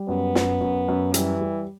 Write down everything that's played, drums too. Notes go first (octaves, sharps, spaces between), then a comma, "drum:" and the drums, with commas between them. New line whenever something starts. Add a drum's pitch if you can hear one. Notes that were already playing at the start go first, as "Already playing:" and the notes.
Already playing: G3
F#2 B3
F#2, drum: snare
F#2
F#2
E3 G3, drum: hi-hat
G3